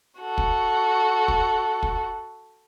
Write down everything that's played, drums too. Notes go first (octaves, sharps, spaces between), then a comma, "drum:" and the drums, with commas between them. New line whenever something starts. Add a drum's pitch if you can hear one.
F#4 A4
drum: kick
drum: kick
drum: kick